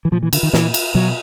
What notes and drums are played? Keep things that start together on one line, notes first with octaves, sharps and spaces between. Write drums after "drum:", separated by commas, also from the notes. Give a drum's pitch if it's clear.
E3
A#2 F3
E3
D3, drum: cymbal
D#3
A#2 E3, drum: snare
drum: cymbal
B2 F#3